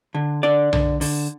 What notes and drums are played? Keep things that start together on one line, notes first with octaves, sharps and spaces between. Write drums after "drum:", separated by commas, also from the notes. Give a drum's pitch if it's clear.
D3
D3 D5
D3, drum: tom B1
D3, drum: open hi-hat